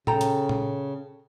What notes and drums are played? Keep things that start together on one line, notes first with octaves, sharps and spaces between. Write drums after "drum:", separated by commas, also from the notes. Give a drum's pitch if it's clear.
C#3 A4 G5 A#5, drum: tom A#2
drum: hi-hat
drum: tom A#2